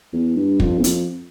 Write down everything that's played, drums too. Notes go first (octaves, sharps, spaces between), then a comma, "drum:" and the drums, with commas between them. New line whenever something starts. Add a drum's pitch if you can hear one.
E2
G2
F2, drum: kick
E2
F2, drum: hi-hat